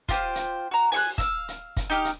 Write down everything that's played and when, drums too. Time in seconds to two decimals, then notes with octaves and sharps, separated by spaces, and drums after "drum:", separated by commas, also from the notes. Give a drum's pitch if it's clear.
0.09 F4 G4 C5, drum: kick, hi-hat
0.35 drum: hi-hat
0.71 F#4 A#5
0.92 G#5 C#6 F#6, drum: open hi-hat
1.18 F5 E6, drum: kick, hi-hat
1.48 drum: hi-hat
1.77 drum: kick, hi-hat
1.90 D#4 G4 F6
2.05 drum: hi-hat